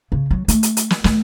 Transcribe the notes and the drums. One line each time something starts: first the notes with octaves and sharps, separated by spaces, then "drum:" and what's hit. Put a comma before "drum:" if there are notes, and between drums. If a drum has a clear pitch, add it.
C#3
F#3
A3, drum: hi-hat
drum: hi-hat
drum: hi-hat
drum: snare
A3, drum: snare